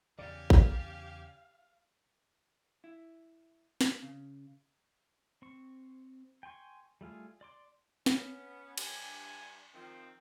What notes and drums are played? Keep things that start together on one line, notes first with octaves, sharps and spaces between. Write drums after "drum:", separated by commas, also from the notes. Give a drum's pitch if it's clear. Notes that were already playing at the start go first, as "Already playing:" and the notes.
E2 C#3 G4 D5 F5 G#5
drum: kick A1
E4
drum: snare
C#3
C4 C#6
G5 G#5 C6 C#6
G3 A3 F4 G#4
D5 C6 D6
B3 C#4, drum: snare
G2 D4 G4 G#5, drum: cymbal
D#3 F3 C4